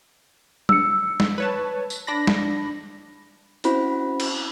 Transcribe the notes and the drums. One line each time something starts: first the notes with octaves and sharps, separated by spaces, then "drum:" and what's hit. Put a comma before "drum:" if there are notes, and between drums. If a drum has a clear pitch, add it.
E6 C#7, drum: tom F#3
drum: snare G#3
B4 C#5 A5
drum: tambourine
D4 B5 A#6
drum: snare G#3
C4 C#4 E4 F#4 C5 B5, drum: hi-hat
drum: cymbal